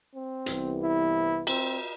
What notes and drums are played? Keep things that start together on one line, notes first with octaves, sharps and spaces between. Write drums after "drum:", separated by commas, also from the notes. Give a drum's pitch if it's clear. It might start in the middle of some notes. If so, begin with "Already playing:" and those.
C4
C2 C3 E3 B3, drum: hi-hat
E4
C4, drum: cymbal